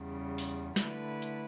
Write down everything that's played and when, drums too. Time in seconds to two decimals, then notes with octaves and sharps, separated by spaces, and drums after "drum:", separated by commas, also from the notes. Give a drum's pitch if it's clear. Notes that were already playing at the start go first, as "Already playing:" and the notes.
Already playing: E2 C#3 G3
0.38 drum: open hi-hat
0.76 D3 A3 E4 B4, drum: snare
1.22 drum: hi-hat